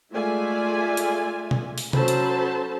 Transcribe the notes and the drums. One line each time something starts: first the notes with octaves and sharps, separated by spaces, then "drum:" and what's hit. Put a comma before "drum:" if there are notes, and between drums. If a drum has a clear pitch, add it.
G#3 A3 F4 D5 E5 G#5
drum: hi-hat
drum: tom B2
drum: open hi-hat
F#3 C#4 A4 C5 A5 B5, drum: tom C3
drum: hi-hat